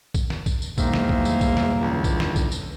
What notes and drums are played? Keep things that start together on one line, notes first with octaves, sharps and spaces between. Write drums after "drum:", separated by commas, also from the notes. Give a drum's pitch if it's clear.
drum: kick A#1, tambourine
drum: snare
drum: kick A#1, tambourine
drum: tambourine
B1 E2 G2 D#3 G#3 A#3 C5 E5, drum: kick A#1, tambourine
drum: snare
drum: kick A#1
drum: tambourine
drum: kick A#1, tambourine
drum: snare
C#2 D3 E3
drum: kick A#1, tambourine
drum: snare
drum: kick A#1, tambourine
drum: tambourine